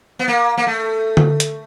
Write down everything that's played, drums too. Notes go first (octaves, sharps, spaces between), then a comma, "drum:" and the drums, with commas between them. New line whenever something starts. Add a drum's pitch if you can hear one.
B3
A#3
A#3
A3
drum: tom D3
drum: hi-hat